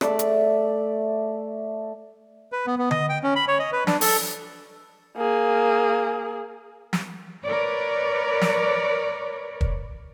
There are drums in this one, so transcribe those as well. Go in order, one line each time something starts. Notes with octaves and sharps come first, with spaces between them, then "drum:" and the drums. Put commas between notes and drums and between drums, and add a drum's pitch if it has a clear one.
A3 D5 E5, drum: rim click
drum: hi-hat
B4
B3
B3
D#5, drum: tom D3
G5
C#4
B5
C#5
D#5
B4
D4, drum: snare
A4, drum: open hi-hat
A#3 G#4
drum: snare
A#4 B4 C#5 D5
drum: snare
drum: kick